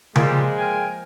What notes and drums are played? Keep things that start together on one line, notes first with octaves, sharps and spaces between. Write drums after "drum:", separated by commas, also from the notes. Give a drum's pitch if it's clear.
A#2 F3 G3 G#3 A#3 G#4, drum: tom C#3
A#4 G5 G#5